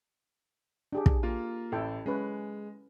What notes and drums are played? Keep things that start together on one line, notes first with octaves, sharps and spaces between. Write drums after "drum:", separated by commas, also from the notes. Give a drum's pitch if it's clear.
D4 G4 G#4
drum: kick
A#3 F4
A1 E4 A4 G5
G#3 C#4 B4